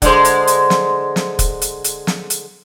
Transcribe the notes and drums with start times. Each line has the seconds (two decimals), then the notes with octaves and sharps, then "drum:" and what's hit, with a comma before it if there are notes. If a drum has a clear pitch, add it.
0.02 D3 G#3 C5, drum: kick, hi-hat
0.25 drum: hi-hat
0.47 drum: hi-hat
0.70 drum: snare
1.16 drum: snare
1.39 drum: kick, hi-hat
1.62 drum: hi-hat
1.84 drum: hi-hat
2.07 drum: snare
2.30 drum: hi-hat